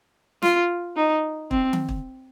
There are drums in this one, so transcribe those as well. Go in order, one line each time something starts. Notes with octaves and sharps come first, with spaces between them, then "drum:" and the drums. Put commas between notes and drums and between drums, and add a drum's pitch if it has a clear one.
F4, drum: snare
D#4
C4, drum: kick
drum: tom D#3
drum: kick